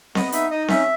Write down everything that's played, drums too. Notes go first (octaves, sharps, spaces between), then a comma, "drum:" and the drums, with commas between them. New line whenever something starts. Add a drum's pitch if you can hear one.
B3 D#5, drum: snare C4
D#4 E5, drum: hi-hat
D#4 D#5
C#4 E5, drum: snare C4